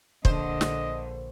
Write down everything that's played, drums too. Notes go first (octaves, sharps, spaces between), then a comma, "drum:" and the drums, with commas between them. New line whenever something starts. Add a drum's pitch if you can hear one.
A#1 D3 C5 D#5, drum: kick
drum: snare